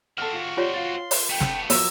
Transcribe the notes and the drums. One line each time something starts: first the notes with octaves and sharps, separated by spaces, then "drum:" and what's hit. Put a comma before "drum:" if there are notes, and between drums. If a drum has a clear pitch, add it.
C4 F#4 A4 F6
F4
F4 G4 C#5 D5 C6
F5 A6
drum: open hi-hat
A3 B3 G5
drum: snare
F3 F#3 E6, drum: open hi-hat